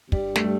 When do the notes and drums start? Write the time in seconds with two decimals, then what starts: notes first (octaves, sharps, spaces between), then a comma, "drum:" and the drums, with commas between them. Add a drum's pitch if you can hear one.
0.12 G2 G3, drum: kick
0.36 A3, drum: snare
0.44 G3